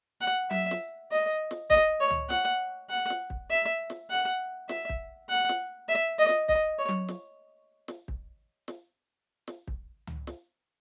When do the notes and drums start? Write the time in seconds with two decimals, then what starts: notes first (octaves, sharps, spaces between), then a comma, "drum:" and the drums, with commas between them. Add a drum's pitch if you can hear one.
0.21 F#5
0.51 E5, drum: tom F#3
0.71 drum: snare
1.11 D#5
1.51 drum: snare
1.70 D#5, drum: kick
2.01 C#5
2.11 drum: tom C#2
2.30 F#5, drum: snare
2.90 F#5
3.10 drum: snare
3.30 drum: kick
3.50 E5
3.90 drum: snare
4.10 F#5
4.69 E5, drum: snare
4.89 drum: kick
5.29 F#5
5.49 drum: snare
5.89 E5
6.19 D#5
6.29 drum: snare
6.49 D#5, drum: kick
6.79 C#5
6.89 drum: tom F#3
7.09 drum: snare
7.88 drum: snare
8.08 drum: kick
8.68 drum: snare
9.48 drum: snare
9.67 drum: kick
10.07 drum: tom C#2
10.27 drum: snare